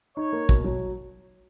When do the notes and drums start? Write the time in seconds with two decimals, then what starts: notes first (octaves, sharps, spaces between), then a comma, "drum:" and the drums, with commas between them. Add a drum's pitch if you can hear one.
0.17 D#4 C#5
0.33 A#3
0.49 B2, drum: kick
0.64 F#3